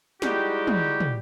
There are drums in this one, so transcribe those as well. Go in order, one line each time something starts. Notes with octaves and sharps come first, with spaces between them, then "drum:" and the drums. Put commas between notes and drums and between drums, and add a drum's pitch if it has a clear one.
G3 G#3 D#4 E4 F#4 G4, drum: snare
drum: tom
drum: tom